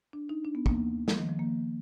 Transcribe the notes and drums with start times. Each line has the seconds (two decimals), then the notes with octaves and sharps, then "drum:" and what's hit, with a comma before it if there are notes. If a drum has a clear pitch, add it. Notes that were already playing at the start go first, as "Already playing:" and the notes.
0.13 D4
0.29 D#4
0.45 D4
0.55 B3
0.66 A#3, drum: kick
1.08 F3, drum: snare
1.18 D#3
1.29 F3
1.39 A#3